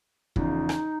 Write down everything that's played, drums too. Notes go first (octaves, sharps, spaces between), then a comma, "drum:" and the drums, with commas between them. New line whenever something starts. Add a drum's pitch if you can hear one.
E2 C#3 F3 D#4, drum: kick
drum: rim click